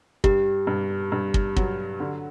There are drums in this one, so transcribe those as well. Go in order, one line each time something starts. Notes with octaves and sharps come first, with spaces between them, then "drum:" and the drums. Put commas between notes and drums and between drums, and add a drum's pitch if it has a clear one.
G2 G4, drum: kick
G2
G2
drum: kick
F#3, drum: kick
D3